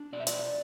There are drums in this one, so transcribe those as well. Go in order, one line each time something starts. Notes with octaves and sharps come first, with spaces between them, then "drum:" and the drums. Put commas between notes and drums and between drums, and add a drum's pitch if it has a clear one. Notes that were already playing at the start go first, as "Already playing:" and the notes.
Already playing: D4
B2 D5
E5
D5, drum: hi-hat